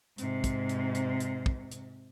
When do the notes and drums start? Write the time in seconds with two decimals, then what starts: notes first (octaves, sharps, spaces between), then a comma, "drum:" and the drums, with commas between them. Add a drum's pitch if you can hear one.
0.18 G#2 C3, drum: hi-hat
0.44 drum: kick, hi-hat
0.69 drum: hi-hat
0.95 drum: hi-hat
1.20 drum: hi-hat
1.46 drum: kick
1.71 drum: hi-hat